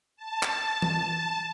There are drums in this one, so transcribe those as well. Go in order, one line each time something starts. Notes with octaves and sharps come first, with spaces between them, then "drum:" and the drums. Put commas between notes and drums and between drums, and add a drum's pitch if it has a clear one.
A5
drum: clap
drum: tom E3